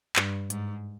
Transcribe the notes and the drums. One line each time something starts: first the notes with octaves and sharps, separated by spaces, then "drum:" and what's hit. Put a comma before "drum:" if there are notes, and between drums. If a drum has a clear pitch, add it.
G2, drum: clap
G#2, drum: hi-hat